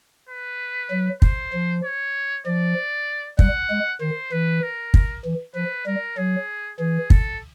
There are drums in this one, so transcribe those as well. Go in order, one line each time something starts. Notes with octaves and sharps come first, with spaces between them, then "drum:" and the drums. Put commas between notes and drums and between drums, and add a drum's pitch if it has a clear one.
B4
F#3
C5, drum: kick
F3
C#5
F3 D5
G3 F#5, drum: kick
G#3
D#3 C5
E3 B4
A#4
drum: kick
E3
F3 B4
G3 A#4
F#3 G#4
E3 G#4
A4, drum: kick